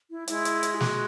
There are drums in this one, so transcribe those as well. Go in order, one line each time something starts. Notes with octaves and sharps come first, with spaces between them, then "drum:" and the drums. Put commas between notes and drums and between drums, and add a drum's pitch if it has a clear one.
E4
G#3 E4, drum: hi-hat
drum: hi-hat
drum: hi-hat
G#4
F#4, drum: snare